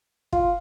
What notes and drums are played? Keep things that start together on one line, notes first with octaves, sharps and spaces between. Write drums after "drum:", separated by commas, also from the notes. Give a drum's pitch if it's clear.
F4, drum: kick